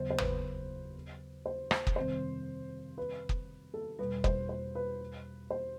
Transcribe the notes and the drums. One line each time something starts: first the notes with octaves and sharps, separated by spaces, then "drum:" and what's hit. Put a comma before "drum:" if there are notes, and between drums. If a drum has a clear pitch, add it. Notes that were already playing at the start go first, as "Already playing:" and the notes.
Already playing: D#2 C#3 F#3 B3 C5
C5
B4, drum: tom
C5
C5, drum: rim click
drum: kick
F2 C3 D#3 G3 C4 C5
B4
drum: kick
A4
E2 B2 G3 B4
C5, drum: kick
C5
B4
C5